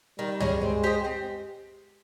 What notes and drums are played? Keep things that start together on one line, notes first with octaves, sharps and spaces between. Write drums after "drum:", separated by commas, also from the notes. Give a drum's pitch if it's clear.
D#3 G3
G#3 C#4 G#4, drum: tom
G#3 C4
G4 C5 D#5
C4